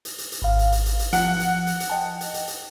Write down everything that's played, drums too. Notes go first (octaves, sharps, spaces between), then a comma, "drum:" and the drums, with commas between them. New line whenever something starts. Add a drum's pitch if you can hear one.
drum: hi-hat
drum: hi-hat
drum: hi-hat
G#1 F5
drum: hi-hat
drum: hi-hat
drum: hi-hat
drum: hi-hat
F3 F#5, drum: hi-hat
drum: hi-hat
drum: hi-hat
drum: hi-hat
D#5 G5 A5
drum: hi-hat
drum: hi-hat
drum: hi-hat